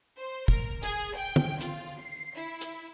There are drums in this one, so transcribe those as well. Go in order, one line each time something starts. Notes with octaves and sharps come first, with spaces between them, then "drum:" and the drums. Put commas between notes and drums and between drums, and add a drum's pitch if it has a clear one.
C5
A#4, drum: kick
G#4, drum: hi-hat
G5
drum: tom
F4, drum: hi-hat
C7
E4
drum: hi-hat